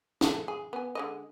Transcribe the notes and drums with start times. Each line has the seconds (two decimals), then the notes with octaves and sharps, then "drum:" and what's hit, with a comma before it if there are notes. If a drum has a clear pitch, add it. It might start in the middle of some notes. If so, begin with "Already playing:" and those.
0.21 G#3 A4, drum: snare
0.48 G#4
0.73 B3 G#5
0.95 D3 G#3 D#5